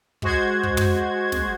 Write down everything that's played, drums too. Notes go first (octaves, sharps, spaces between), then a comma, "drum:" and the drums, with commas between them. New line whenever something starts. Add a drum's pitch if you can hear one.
G#3 F#4 C5 G#6, drum: kick
drum: kick
drum: tom
drum: snare